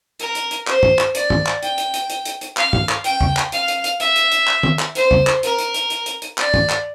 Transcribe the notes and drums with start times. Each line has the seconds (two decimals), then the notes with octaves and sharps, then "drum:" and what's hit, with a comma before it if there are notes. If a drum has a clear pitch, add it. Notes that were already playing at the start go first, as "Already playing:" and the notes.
0.20 A#4, drum: hi-hat
0.35 drum: hi-hat
0.51 drum: hi-hat
0.67 C5, drum: clap
0.83 drum: tom G2
0.99 drum: clap
1.15 D5, drum: hi-hat
1.30 drum: tom G2
1.46 drum: clap
1.63 G5, drum: hi-hat
1.78 drum: hi-hat
1.94 drum: hi-hat
2.10 drum: hi-hat
2.25 drum: hi-hat
2.41 drum: hi-hat
2.57 F5, drum: clap
2.73 drum: tom G2
2.89 drum: clap
3.04 G5, drum: hi-hat
3.21 drum: tom E2
3.36 drum: clap
3.52 F5, drum: hi-hat
3.68 drum: hi-hat
3.84 drum: hi-hat
4.00 E5, drum: hi-hat
4.16 drum: hi-hat
4.32 drum: hi-hat
4.48 drum: clap
4.63 drum: tom D#3
4.79 drum: clap
4.95 C5, drum: hi-hat
5.11 drum: tom E2
5.27 drum: clap
5.43 A#4, drum: hi-hat
5.59 drum: hi-hat
5.74 drum: hi-hat
5.90 drum: hi-hat
6.06 drum: hi-hat
6.22 drum: hi-hat
6.38 D5, drum: clap
6.54 drum: tom G2
6.70 drum: clap